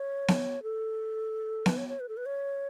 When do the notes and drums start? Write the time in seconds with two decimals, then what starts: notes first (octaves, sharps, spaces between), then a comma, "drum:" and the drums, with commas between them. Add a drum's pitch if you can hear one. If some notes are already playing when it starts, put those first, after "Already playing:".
Already playing: C#5
0.28 drum: snare B3
0.63 A4
1.66 B4, drum: snare B3
1.77 C#5
1.89 C#5
2.00 B4
2.09 A4
2.17 B4
2.26 C#5